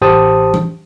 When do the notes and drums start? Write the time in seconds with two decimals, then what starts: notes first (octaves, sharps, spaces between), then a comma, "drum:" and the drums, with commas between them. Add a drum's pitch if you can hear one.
0.01 A1 G4 C5 A5 D#6
0.54 drum: tom